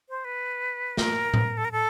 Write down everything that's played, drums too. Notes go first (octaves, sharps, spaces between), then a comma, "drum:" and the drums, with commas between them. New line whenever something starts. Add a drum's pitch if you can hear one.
C5
B4
A#4, drum: snare
drum: tom A2
A4
A#4
A4